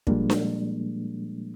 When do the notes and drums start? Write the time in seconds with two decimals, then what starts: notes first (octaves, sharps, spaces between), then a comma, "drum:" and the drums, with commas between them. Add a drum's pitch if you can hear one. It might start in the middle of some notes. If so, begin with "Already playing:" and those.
0.07 A#2 F3 G3 G#3 A#3 D4, drum: kick
0.30 drum: snare D4